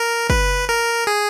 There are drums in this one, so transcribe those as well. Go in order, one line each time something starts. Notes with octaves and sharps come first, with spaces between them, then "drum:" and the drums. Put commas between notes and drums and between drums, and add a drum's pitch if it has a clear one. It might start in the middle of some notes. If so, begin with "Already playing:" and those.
Already playing: A#4
B4, drum: kick
A#4
G#4